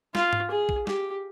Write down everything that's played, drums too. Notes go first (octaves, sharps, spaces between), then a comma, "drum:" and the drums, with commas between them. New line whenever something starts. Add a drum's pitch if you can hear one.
F4, drum: snare
drum: tom G#2
G#4
drum: kick A#1
G4, drum: snare